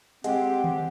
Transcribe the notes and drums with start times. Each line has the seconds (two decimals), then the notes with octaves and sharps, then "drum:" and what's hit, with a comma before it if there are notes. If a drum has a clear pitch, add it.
0.24 G#3 C4 G4 F#5, drum: hi-hat
0.64 drum: tom D3